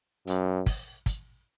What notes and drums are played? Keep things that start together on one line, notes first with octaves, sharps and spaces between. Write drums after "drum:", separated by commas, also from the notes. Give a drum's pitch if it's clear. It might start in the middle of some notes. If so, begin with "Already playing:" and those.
F#2, drum: hi-hat
drum: kick, open hi-hat
drum: kick, hi-hat